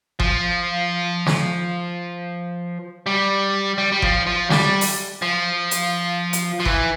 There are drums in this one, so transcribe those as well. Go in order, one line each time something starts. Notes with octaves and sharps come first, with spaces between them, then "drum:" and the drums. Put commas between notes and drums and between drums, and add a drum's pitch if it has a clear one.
F3, drum: kick G1
drum: snare
G3
G3
G3
F3, drum: kick G1
F3
G3, drum: snare
drum: open hi-hat
F3
drum: hi-hat
drum: hi-hat
F3
E3, drum: kick G1